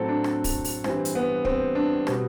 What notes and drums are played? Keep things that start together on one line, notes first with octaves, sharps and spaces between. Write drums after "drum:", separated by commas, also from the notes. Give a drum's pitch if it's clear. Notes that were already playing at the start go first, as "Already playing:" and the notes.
Already playing: A2 F#3 A3 C4 A4
D4
D4, drum: rim click
drum: kick, open hi-hat
drum: open hi-hat
G2 E3 G3 C4, drum: rim click
drum: hi-hat
B3
C4, drum: kick
D4
B2 G3 C4, drum: rim click